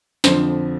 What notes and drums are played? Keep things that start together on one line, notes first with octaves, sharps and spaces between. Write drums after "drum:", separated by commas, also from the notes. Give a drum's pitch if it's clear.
F2 D3 F3 C5, drum: snare